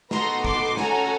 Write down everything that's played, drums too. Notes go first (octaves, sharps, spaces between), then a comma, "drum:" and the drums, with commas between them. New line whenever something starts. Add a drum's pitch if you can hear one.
B3 D#4 F#4 A4 A#5 C6, drum: snare
C6 D6, drum: kick
C#4 F#4 A4 G#5 A#5, drum: snare